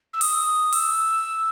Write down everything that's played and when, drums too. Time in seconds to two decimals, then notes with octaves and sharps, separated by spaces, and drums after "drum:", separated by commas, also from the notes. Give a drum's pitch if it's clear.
0.13 E6
0.21 D#6, drum: open hi-hat
0.72 E6, drum: open hi-hat